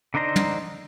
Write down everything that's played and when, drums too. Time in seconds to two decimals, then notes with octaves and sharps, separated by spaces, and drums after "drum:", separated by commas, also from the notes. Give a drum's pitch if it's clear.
0.14 D3 D4 D#4 C5 A#5
0.36 drum: tom